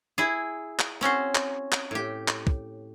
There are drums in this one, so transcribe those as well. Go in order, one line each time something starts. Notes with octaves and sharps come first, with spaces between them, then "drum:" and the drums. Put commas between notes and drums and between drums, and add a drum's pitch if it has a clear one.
E4 G#4
drum: clap
C4 C#4 F#4 C5
drum: clap
drum: clap
A2 G4
drum: clap
drum: kick